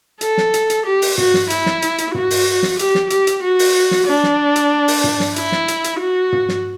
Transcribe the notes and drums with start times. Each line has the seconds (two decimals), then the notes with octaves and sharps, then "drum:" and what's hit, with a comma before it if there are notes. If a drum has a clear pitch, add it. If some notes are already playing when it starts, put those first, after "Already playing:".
0.21 A4, drum: hi-hat
0.38 drum: snare
0.54 drum: hi-hat
0.70 drum: hi-hat
0.86 G4
1.02 drum: open hi-hat
1.18 F#4, drum: tom
1.34 drum: snare
1.50 E4, drum: hi-hat
1.66 drum: snare
1.82 drum: hi-hat
1.98 drum: hi-hat
2.15 F#4, drum: tom
2.30 drum: open hi-hat
2.63 drum: snare
2.79 G4, drum: hi-hat
2.95 drum: snare
3.10 G4, drum: hi-hat
3.27 drum: hi-hat
3.43 F#4
3.59 drum: open hi-hat
3.91 drum: snare
4.07 D4
4.23 drum: snare
4.56 drum: hi-hat
4.88 drum: open hi-hat
5.04 drum: tom
5.20 drum: snare
5.36 E4, drum: hi-hat
5.52 drum: snare
5.68 drum: hi-hat
5.84 drum: hi-hat
6.00 F#4
6.33 drum: tom
6.49 drum: snare